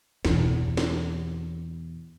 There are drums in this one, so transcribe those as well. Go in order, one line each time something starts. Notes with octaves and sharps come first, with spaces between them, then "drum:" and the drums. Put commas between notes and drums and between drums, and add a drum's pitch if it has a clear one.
E2 B2, drum: snare
drum: snare